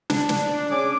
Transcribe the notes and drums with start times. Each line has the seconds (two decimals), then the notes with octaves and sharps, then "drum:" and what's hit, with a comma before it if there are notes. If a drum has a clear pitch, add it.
0.10 D4, drum: snare
0.29 drum: snare
0.71 C#4 G#4 D6